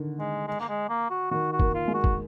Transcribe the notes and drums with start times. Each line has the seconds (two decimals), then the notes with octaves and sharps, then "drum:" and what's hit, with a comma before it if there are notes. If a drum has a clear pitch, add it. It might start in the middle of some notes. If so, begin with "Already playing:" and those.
Already playing: D3 D#3
0.19 G#3
0.48 G#3
0.60 A#3
0.69 G#3
0.89 A#3
1.10 F#4
1.31 D#3 F#4
1.53 F#4
1.60 A#3, drum: kick
1.74 F4
1.88 G#3
1.94 F#4
2.04 drum: kick